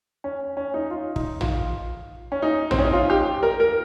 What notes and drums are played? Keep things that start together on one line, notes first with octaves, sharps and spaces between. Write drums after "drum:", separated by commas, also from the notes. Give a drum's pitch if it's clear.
C#4
C#4
D#4
F4
D#4, drum: kick
F4, drum: tom
C#4
D#4
C4, drum: tom
C#4
D#4
F4
G4
A#4
A#4